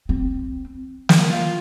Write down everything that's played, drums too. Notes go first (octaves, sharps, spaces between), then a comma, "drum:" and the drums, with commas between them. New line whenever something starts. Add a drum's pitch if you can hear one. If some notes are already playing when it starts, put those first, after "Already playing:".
C4
drum: snare
F4